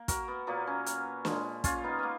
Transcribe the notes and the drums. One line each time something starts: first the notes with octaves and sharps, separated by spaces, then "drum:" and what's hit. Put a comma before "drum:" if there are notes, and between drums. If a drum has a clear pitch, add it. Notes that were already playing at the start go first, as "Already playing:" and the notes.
Already playing: A#3
F#4 A#4, drum: kick, hi-hat
B3
A#2 F#3 A#3 B3
C#4
drum: hi-hat
A#2 F3 G#3, drum: snare
C#4 F4, drum: kick, hi-hat
B3 D#4
A#3 B3